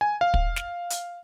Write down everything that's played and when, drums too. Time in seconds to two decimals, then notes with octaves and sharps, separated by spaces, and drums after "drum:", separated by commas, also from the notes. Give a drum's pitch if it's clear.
0.01 G#5
0.21 F5
0.34 drum: kick
0.56 drum: snare
0.90 drum: hi-hat